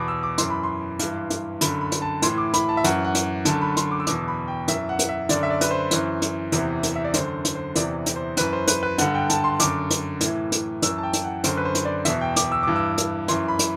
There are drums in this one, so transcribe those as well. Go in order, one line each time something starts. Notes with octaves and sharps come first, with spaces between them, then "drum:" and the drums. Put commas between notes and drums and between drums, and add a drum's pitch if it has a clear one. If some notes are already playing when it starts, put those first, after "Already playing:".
Already playing: E2 B2 B5 D6
E6
D6
F#2 E3 C6, drum: hi-hat
B5
C6
G2 E3, drum: hi-hat
drum: hi-hat
F#2 D3 B5, drum: hi-hat
B5
drum: hi-hat
A5
A2 E3 C6, drum: hi-hat
D6
B5, drum: hi-hat
A5
E5
F#2 E3 F#5, drum: hi-hat
F#5
drum: hi-hat
F#2 D3 A5, drum: hi-hat
B5
C6, drum: hi-hat
D6
E6
E2 B2 D6, drum: hi-hat
B5
G5
F#2 E3 E5, drum: hi-hat
F#5
drum: hi-hat
E5
F#2 D3 D5, drum: hi-hat
E5
D5
B4, drum: hi-hat
C5
F#2 E3, drum: hi-hat
drum: hi-hat
E2 C3 E3, drum: hi-hat
drum: hi-hat
E5
D5
F#2 D3 C5, drum: hi-hat
drum: hi-hat
C5
E2 C3 E3 D5, drum: hi-hat
drum: hi-hat
C5
F#2 E3 B4, drum: hi-hat
C5
B4, drum: hi-hat
B4
G2 D3 F#5, drum: hi-hat
G5
A5, drum: hi-hat
C6
F#2 D3 D6, drum: hi-hat
drum: hi-hat
A2 E3, drum: hi-hat
drum: hi-hat
F#2 E3 E6, drum: hi-hat
A5
G5
drum: hi-hat
F#5
F#2 D3 C5, drum: hi-hat
B4
C5
drum: hi-hat
D5
E2 B2 E5, drum: hi-hat
G5
D6, drum: hi-hat
E6
G2 E3 D6
E6
drum: hi-hat
F#2 E3 C6, drum: hi-hat
B5
drum: hi-hat